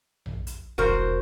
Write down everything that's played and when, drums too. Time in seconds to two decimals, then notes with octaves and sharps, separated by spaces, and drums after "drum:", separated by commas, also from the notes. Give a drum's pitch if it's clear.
0.26 drum: tom A#1
0.47 drum: hi-hat
0.78 E1 F#4 A#4 C5, drum: tom A#1